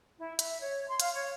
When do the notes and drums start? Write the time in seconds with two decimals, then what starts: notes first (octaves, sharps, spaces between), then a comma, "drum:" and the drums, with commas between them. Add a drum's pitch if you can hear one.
0.19 E4
0.39 E5, drum: hi-hat
0.60 C#5
0.88 C6
1.00 F5, drum: hi-hat
1.14 C#5